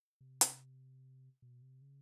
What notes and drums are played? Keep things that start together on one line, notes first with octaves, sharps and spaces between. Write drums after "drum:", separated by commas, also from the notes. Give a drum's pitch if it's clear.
C3
drum: hi-hat
B2
C3
C#3